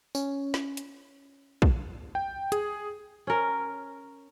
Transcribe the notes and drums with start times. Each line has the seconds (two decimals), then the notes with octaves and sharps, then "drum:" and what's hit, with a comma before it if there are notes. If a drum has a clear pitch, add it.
0.15 C#4, drum: tambourine
0.54 drum: snare
0.77 drum: hi-hat
1.62 drum: kick
2.15 G5
2.52 G#4, drum: hi-hat
3.27 C#4 A#4